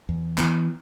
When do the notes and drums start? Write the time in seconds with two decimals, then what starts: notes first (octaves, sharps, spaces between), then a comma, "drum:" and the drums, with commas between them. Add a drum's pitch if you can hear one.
0.09 E2
0.38 E3 B3, drum: clap